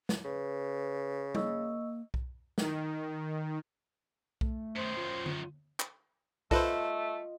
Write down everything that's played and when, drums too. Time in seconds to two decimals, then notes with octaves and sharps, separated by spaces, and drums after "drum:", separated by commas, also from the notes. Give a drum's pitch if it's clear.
0.09 drum: snare
0.24 C#3 B4
1.35 A#3 D#5 C#6 E6, drum: tom G3
2.14 drum: kick B1
2.58 D#3, drum: snare
4.41 A3, drum: kick B1
4.76 F#2 D#3 C5
4.97 F4
5.26 drum: tom D3
5.80 drum: clap
6.51 A3 F4 A4 B4 C5 D#5, drum: kick B1